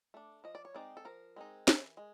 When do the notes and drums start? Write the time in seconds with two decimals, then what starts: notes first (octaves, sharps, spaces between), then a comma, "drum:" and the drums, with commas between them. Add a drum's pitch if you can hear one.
0.14 A3 D4
0.44 F3 D#5
0.55 D5
0.65 C#5
0.75 G#3 C4 D#4 D5
0.97 A4
1.05 F3 A#4
1.36 G#3 C4 D#4
1.68 E3, drum: snare
1.97 G#3